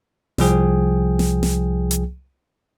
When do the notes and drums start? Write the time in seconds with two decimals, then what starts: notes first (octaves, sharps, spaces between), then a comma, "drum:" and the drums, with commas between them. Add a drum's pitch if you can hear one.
0.38 C2 F3 G#4 G5, drum: snare
1.19 drum: snare
1.43 drum: snare
1.91 drum: hi-hat